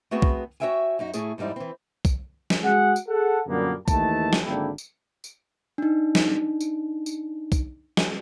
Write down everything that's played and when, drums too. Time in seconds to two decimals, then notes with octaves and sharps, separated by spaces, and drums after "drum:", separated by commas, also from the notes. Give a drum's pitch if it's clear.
0.11 A3 B3 C4 F#4 G#4
0.22 drum: kick
0.60 F#4 A4 C#5 E5 G5 G#5
0.99 F#2 D#4 F#4
1.14 A2 A3 E4 G#4 C#5, drum: tambourine
1.38 F2 G#2 G3 D#4 E4
1.56 E3 C4
2.05 drum: kick, tambourine
2.50 drum: snare
2.63 G#3 F#4 G#4 F#5
2.96 drum: tambourine
3.09 G#4 A4 F#5
3.47 F#2 A#2 D3 G3 A#3 B3
3.88 D#2 E3 A3 D#4 A5, drum: kick, tambourine
4.33 drum: snare
4.45 G#1 D3 A#3 D4 E4 G5
4.78 drum: tambourine
5.24 drum: tambourine
5.78 D4 D#4
6.15 drum: snare
6.61 drum: tambourine
7.06 drum: tambourine
7.52 drum: kick, tambourine
7.97 drum: snare